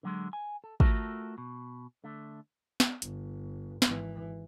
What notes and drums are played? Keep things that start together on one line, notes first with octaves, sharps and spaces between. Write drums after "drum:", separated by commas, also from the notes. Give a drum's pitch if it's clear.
D3 F#3 G#3
G#5
A4
A3 F4 F#4 A4 A#4 E5, drum: kick
B2
D3 A3
drum: snare
G1, drum: hi-hat
G#1 E3, drum: snare